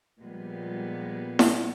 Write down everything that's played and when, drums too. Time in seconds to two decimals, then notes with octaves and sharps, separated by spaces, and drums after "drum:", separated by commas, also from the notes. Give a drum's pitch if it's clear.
0.18 A#2 F3 G3 G#3 B3
1.39 drum: snare E4